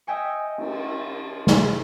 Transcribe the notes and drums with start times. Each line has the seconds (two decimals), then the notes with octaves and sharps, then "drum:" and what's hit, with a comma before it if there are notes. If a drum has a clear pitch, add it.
0.07 D#5 E5 G5 G#5 C#6
0.58 drum: cymbal
1.47 drum: snare